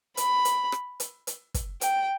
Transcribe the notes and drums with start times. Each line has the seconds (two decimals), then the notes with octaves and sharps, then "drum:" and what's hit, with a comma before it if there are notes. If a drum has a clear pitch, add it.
0.17 B5, drum: hi-hat
0.45 drum: hi-hat
0.72 drum: rim click
1.00 drum: hi-hat
1.27 drum: hi-hat
1.54 drum: kick, hi-hat
1.81 G5, drum: hi-hat